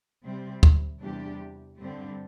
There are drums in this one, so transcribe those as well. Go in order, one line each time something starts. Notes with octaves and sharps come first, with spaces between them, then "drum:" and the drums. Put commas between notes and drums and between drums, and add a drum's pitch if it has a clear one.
C3 G3 C4
drum: kick
E2 C3 G3 D4 G4
G2 D3 G3 C4